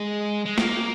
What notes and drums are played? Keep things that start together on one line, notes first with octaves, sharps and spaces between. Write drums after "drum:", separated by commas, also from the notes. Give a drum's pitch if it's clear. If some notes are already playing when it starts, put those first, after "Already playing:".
Already playing: G#3
G#3
A#3, drum: snare